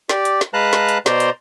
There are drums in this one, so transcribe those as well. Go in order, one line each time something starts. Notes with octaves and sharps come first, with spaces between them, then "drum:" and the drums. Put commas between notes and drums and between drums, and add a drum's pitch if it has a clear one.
G4 D5, drum: snare
drum: hi-hat
drum: snare
G#3 B4 F5 A5 A#5 F#6
drum: snare
drum: hi-hat
B2 C5 D5 A#5 C6, drum: snare
drum: hi-hat